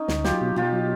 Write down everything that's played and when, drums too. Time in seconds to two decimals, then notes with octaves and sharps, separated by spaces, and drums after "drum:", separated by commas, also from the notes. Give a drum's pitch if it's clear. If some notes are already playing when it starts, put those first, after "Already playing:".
Already playing: C#4 D#4
0.08 D2, drum: snare
0.24 F#3 F4 G4, drum: snare
0.41 B2
0.56 B2 F4 G4
0.72 F#3